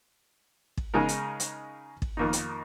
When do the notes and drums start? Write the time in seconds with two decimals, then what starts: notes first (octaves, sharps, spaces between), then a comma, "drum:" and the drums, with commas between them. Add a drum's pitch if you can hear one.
0.77 drum: kick
0.94 C#3 G#3 D#4 A#4
1.09 drum: hi-hat
1.40 drum: hi-hat
2.02 drum: kick
2.17 F2 D#3 A#3 D#4
2.33 drum: hi-hat